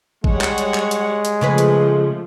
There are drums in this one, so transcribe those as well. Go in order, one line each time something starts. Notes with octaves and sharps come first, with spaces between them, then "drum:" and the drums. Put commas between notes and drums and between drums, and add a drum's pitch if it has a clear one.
G3 G#3 C#5 F#5, drum: kick G#1
drum: clap
drum: hi-hat
drum: clap
drum: hi-hat
drum: hi-hat
C#3 F3 A3 G#4 B4
drum: hi-hat